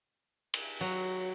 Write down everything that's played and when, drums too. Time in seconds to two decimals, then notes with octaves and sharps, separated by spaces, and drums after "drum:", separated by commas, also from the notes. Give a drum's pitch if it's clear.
0.54 drum: cymbal
0.81 F#3